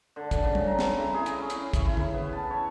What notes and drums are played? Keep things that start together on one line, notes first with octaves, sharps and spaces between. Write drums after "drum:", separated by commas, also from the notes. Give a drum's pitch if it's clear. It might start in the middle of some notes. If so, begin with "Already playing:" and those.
D3
drum: kick, hi-hat
C#3
drum: tom G3
A#5
drum: snare
E4
G#4
drum: hi-hat
C#4
drum: hi-hat
E4, drum: kick, hi-hat
E4
drum: tom
B3
A5
C#5